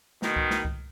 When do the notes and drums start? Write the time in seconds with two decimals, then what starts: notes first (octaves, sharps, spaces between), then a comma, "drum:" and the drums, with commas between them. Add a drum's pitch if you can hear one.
0.22 B2 D#3, drum: snare A3
0.36 drum: kick C2
0.51 drum: snare A3
0.65 drum: kick C2